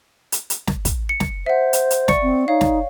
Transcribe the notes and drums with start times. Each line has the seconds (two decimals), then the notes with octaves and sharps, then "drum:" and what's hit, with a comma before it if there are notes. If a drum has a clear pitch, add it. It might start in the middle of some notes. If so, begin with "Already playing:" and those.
0.32 drum: hi-hat
0.50 drum: hi-hat
0.67 drum: snare
0.85 drum: kick, hi-hat
1.09 C#7
1.20 drum: snare
1.46 C5 E5 F#5
1.73 drum: hi-hat
1.90 drum: hi-hat
2.08 D5 C#6 C#7, drum: snare
2.22 C4
2.48 D#4 C#5 F5
2.61 drum: snare